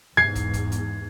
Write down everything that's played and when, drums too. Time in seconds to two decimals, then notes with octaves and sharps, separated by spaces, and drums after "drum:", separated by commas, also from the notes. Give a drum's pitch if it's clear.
0.17 E2 G#2 G#6 C7, drum: tom E2
0.35 drum: kick, hi-hat
0.54 drum: kick, hi-hat
0.72 drum: hi-hat